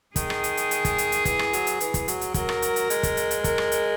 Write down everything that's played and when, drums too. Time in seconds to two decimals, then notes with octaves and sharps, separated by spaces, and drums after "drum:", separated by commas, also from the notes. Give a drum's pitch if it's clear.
0.16 D#3 G#4, drum: kick, hi-hat
0.30 drum: rim click
0.44 drum: hi-hat
0.57 drum: hi-hat
0.71 drum: hi-hat
0.85 drum: kick, hi-hat
0.98 drum: hi-hat
1.12 drum: hi-hat
1.25 E3, drum: kick, hi-hat
1.39 drum: rim click
1.53 F#3, drum: hi-hat
1.67 drum: hi-hat
1.80 E3, drum: hi-hat
1.94 drum: kick, hi-hat
2.08 F#3, drum: hi-hat
2.21 drum: hi-hat
2.34 F#3 A#4, drum: kick, hi-hat
2.49 drum: rim click
2.62 drum: hi-hat
2.76 drum: hi-hat
2.90 G#3, drum: hi-hat
3.03 drum: kick, hi-hat
3.17 drum: hi-hat
3.31 drum: hi-hat
3.44 A#4, drum: kick, hi-hat
3.58 drum: rim click
3.72 drum: hi-hat